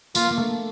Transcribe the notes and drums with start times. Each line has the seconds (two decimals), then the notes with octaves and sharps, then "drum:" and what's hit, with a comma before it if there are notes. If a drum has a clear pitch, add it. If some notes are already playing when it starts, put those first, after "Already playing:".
0.15 A#3 F4, drum: tambourine
0.30 A#3
0.37 A3